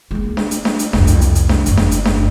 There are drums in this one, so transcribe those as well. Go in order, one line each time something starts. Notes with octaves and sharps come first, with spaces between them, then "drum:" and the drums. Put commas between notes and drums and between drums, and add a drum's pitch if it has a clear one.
G#3 A#3
drum: snare D4
drum: hi-hat
drum: snare D4
drum: hi-hat
C2 F2, drum: snare D4
drum: hi-hat
drum: hi-hat
drum: hi-hat
drum: snare D4
F#1 E2, drum: hi-hat
drum: snare D4
drum: hi-hat
drum: snare D4